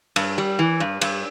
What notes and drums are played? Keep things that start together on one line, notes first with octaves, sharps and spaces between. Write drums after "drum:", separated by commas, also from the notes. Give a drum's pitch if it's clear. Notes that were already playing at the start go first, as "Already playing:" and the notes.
G2, drum: cymbal
G3
E3
G2
G2, drum: cymbal